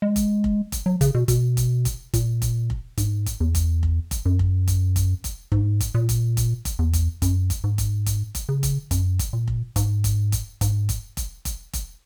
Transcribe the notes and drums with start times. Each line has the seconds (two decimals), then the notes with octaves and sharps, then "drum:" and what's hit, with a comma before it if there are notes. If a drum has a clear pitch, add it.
0.02 G#3
0.16 drum: kick F1, hi-hat
0.44 drum: kick F1
0.72 drum: kick F1, hi-hat
0.86 F#3
1.01 C#3, drum: kick F1, hi-hat
1.15 B2
1.28 B2, drum: kick F1, hi-hat
1.57 drum: kick F1, hi-hat
1.85 drum: kick F1, hi-hat
2.14 A#2, drum: kick F1, hi-hat
2.42 drum: kick F1, hi-hat
2.70 drum: kick F1
2.98 G#2, drum: kick F1, hi-hat
3.26 drum: kick F1, hi-hat
3.40 E2
3.55 drum: kick F1, hi-hat
3.83 drum: kick F1
4.11 drum: kick F1, hi-hat
4.25 F#2
4.39 drum: kick F1
4.68 drum: kick F1, hi-hat
4.96 drum: kick F1, hi-hat
5.24 drum: kick F1, hi-hat
5.52 G#2, drum: kick F1
5.80 drum: kick F1, hi-hat
5.94 A#2
6.09 drum: kick F1, hi-hat
6.37 drum: kick F1, hi-hat
6.65 drum: kick F1, hi-hat
6.79 E2
6.93 drum: kick F1, hi-hat
7.22 F#2, drum: kick F1, hi-hat
7.50 drum: kick F1, hi-hat
7.64 G#2
7.78 drum: kick F1, hi-hat
8.06 drum: kick F1, hi-hat
8.35 drum: kick F1, hi-hat
8.49 C#3
8.63 drum: kick F1, hi-hat
8.91 F#2, drum: kick F1, hi-hat
9.19 drum: kick F1, hi-hat
9.33 A#2
9.48 drum: kick F1
9.76 G#2, drum: kick F1, hi-hat
10.04 drum: kick F1, hi-hat
10.32 drum: kick F1, hi-hat
10.61 G#2, drum: kick F1, hi-hat
10.89 drum: kick F1, hi-hat
11.17 drum: kick F1, hi-hat
11.45 drum: kick F1, hi-hat
11.73 drum: kick F1, hi-hat